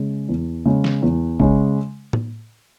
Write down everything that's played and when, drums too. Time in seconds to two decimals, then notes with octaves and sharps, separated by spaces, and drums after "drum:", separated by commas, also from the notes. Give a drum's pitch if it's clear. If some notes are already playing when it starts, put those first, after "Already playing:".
Already playing: C#3 G#3
0.29 E2
0.65 C#3 G#3
0.84 drum: snare
1.02 E2
1.40 C#3 G#3, drum: kick
2.13 drum: tom A2